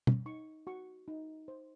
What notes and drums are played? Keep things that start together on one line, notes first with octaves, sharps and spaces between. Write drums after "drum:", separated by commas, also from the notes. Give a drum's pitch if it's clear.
drum: tom
D#4 C#6
F#4 C#6
D#4
C5